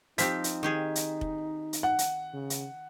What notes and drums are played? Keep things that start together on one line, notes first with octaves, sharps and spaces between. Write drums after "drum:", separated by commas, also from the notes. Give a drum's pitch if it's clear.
F3 C4 D#4 G4 B6, drum: hi-hat
drum: hi-hat
D#3 G4 G#4
drum: hi-hat
drum: kick F1
drum: hi-hat
F#5
drum: hi-hat
C#3
drum: hi-hat